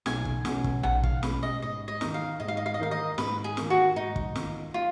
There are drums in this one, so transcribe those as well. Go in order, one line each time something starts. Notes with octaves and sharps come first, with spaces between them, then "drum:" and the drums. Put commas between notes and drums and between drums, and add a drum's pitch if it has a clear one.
B1 G#5, drum: snare
drum: kick
B2 G#3 C#4, drum: snare
drum: kick
B1 F#5, drum: tom A#1
F5, drum: kick
B2 G#3 C#4 B4, drum: snare
D#5
G#2 D#5
D#5
D#3 A#3 D#4, drum: snare
F5
G#2 D#5
F5
D#5
F5
D#5
D#3 A#3 D#4 F5
D#5
G#2 B4, drum: snare
G#4
D#3 A#3 F4, drum: snare
F#4
G#2 D#4
drum: kick
D#3 A#3 F4, drum: snare
F4